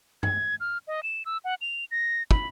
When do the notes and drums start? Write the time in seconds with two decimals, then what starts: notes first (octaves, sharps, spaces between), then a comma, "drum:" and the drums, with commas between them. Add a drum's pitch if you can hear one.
0.23 G#6, drum: tom G2
0.60 F6
0.87 D#5
1.03 E7
1.26 E6
1.44 F#5
1.61 F7
1.91 A#6
2.31 B5, drum: kick